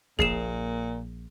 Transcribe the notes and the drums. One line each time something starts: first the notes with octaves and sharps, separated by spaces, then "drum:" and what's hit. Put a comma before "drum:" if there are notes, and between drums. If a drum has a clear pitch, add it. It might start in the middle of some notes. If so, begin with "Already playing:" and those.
A#1 A#2 G#4 C7 E7, drum: kick